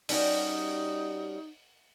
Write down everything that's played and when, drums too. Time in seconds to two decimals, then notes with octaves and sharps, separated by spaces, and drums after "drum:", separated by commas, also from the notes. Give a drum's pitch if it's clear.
0.09 G3 C#4 D#4 F#4, drum: open hi-hat